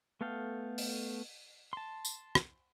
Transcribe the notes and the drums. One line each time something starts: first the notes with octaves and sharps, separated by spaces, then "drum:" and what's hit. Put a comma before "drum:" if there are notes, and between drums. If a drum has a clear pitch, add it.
A3 B3 A4 F5 G5
drum: open hi-hat
A5 C6
drum: tambourine
drum: rim click